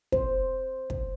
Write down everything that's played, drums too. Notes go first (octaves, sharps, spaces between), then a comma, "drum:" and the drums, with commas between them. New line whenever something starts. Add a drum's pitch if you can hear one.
C5, drum: kick
drum: kick